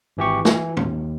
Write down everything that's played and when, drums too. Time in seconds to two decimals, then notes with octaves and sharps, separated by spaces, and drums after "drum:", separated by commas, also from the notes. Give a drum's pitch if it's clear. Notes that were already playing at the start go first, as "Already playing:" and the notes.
0.17 G#1 E3 G4 C#6
0.45 E3, drum: snare
0.77 D#2, drum: tom